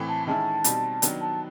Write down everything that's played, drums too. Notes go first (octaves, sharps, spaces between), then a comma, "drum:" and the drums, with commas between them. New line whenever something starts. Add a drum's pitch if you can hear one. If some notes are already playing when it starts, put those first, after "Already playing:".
Already playing: A2 E3 A3 C4
A5
D#3 G#3 C#4 E4 A5
B2 G3 C4 D#4, drum: hi-hat
D#3 F#3 B3 D4, drum: hi-hat
A5